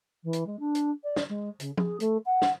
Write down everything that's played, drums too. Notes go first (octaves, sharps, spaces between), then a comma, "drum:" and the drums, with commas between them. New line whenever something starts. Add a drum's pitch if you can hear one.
E3
drum: hi-hat
G#3
D4
drum: hi-hat
D5
drum: snare
G#3
C#3, drum: hi-hat
G#4, drum: tom F3
A3, drum: hi-hat
F#5
drum: snare